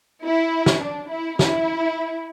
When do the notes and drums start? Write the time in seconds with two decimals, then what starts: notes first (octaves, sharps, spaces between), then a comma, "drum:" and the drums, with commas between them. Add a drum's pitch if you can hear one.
0.24 E4
0.66 drum: snare
0.80 D4
1.10 E4
1.39 E4, drum: snare